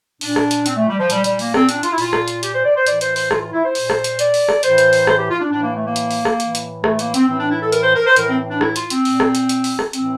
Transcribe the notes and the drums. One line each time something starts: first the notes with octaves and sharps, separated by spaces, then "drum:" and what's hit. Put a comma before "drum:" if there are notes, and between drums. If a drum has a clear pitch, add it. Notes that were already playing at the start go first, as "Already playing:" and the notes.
A#2 D4, drum: open hi-hat
drum: rim click
drum: hi-hat
C4, drum: hi-hat
A3
G3
F3
A#2 G3, drum: hi-hat
G3, drum: hi-hat
A#3, drum: open hi-hat
C4, drum: rim click
D4, drum: hi-hat
F4, drum: hi-hat
E4
A#2 F4, drum: open hi-hat
drum: rim click
drum: hi-hat
G4, drum: hi-hat
C5
D5
C5
A2 E3 D5, drum: hi-hat
C5, drum: hi-hat
C5, drum: open hi-hat
F4, drum: rim click
F4
E4
C5
A#2, drum: open hi-hat
drum: rim click
drum: hi-hat
D5, drum: hi-hat
drum: open hi-hat
drum: rim click
A2 E3 C5, drum: hi-hat
drum: hi-hat
drum: open hi-hat
C5, drum: rim click
G4
F4
D4
A2 E3 D4
A#3
A3
A#3
drum: hi-hat
drum: open hi-hat
drum: rim click
A2 E3, drum: hi-hat
drum: hi-hat
A3, drum: rim click
A#3, drum: hi-hat
C4, drum: hi-hat
A2 E3 C4
D4
E4
A4
A#4, drum: hi-hat
C5
A#4
C5
A2 E3 A#4, drum: hi-hat
C4
D4
E4, drum: rim click
F4, drum: hi-hat
C4, drum: hi-hat
A#2, drum: open hi-hat
drum: rim click
drum: hi-hat
drum: hi-hat
drum: open hi-hat
drum: rim click
A2 E3 C4, drum: hi-hat